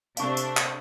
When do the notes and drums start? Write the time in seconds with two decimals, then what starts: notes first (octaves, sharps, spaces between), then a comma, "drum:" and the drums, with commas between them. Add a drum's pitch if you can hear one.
0.17 C3 A3 D4 F5 C#6, drum: tambourine
0.37 drum: tambourine
0.57 drum: clap